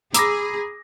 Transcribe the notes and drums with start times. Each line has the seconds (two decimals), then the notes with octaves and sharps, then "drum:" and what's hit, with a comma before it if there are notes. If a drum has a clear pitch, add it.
0.14 G#4 A#5 B5 D6 E6 A#6, drum: hi-hat